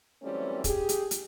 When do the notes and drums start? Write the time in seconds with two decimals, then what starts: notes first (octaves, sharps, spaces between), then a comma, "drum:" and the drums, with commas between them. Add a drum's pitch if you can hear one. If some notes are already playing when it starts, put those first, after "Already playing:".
0.23 E3 F#3 G3 A3 C4 C#4
0.64 G4 G#4, drum: kick, hi-hat
0.89 drum: hi-hat
1.11 drum: hi-hat